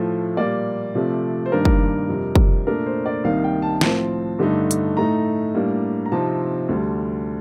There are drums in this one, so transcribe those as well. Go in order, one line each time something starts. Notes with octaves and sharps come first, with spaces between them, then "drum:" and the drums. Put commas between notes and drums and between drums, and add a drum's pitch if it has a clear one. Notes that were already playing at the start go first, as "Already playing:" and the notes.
Already playing: A2 F3 A3
A#2 G3 A#3 D5
C3 F3 A3
C5
G2 D#3 A#3 D4 A#4
drum: kick
F2 C3 G3
drum: kick
A#2 A3 D4 A#4
C5
D5
C2 C3 D#3 A#3 D#4 F5
G5
A5
A2 F3 C4, drum: snare
G2 D3 A3 D#4
drum: hi-hat
A2 A3 D#4 A#5
A2 G3 A#3 D4
A#5
C3 F3 C4 D#4 A5
D2 D3 G3